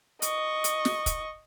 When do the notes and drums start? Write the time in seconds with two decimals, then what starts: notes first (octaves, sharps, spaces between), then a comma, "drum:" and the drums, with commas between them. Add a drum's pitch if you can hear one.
0.22 D#5 C#6, drum: hi-hat
0.64 drum: hi-hat
0.85 drum: snare
1.06 drum: kick, hi-hat